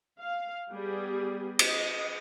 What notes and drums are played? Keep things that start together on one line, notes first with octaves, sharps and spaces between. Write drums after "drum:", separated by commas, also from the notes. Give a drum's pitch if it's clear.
F5
G3 B3 G4 G#4
D#5, drum: cymbal